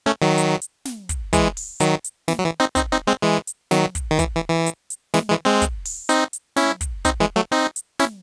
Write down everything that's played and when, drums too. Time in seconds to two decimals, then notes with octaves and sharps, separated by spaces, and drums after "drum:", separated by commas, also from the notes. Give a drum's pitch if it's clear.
0.06 A3 C#4
0.22 D#3 F#3
0.38 drum: hi-hat
0.62 drum: hi-hat
0.85 drum: snare
1.09 drum: kick, hi-hat
1.33 E3 G#3, drum: kick, hi-hat
1.57 drum: open hi-hat
1.80 D#3 F#3, drum: hi-hat
2.04 drum: hi-hat
2.28 E3, drum: snare
2.39 F#3
2.45 E3
2.60 C4 D#4
2.76 C4 D#4, drum: kick, hi-hat
2.92 C4 D#4
3.07 G#3 C4
3.23 E3 G#3
3.47 drum: hi-hat
3.71 D#3 F#3, drum: snare
3.95 drum: kick, hi-hat
4.11 D#3
4.19 E3, drum: kick, hi-hat
4.35 E3
4.50 E3
4.66 drum: hi-hat
4.90 drum: hi-hat
5.14 E3 G#3, drum: snare
5.29 E3 G#3
5.45 G#3 C4
5.62 drum: kick, hi-hat
5.85 drum: open hi-hat
6.09 C4 D#4, drum: hi-hat
6.33 drum: hi-hat
6.56 C#4 E4, drum: snare
6.81 drum: kick, hi-hat
7.05 C4 D#4, drum: kick, hi-hat
7.20 E3 G#3
7.36 F#3 A3
7.52 C4 D#4
7.76 drum: hi-hat
7.99 C#4 E4, drum: snare